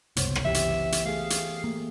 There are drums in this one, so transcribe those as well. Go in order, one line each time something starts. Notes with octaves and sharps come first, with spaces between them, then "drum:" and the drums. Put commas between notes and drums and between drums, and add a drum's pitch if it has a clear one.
F#1 C2 B3 C5 C#5, drum: hi-hat
drum: rim click
E3 G4 E5
drum: hi-hat
drum: hi-hat
A3 G#4 F5
drum: hi-hat
A3 A#3